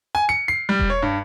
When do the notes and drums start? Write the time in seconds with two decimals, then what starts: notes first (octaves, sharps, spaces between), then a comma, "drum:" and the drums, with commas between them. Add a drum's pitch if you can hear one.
0.15 G#5
0.29 C#7
0.48 C7
0.69 G3
0.80 drum: kick E1
0.90 C#5
1.02 G2